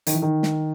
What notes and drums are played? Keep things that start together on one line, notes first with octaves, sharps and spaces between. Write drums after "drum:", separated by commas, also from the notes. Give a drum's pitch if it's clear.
D#3, drum: hi-hat
E3
D#3
drum: snare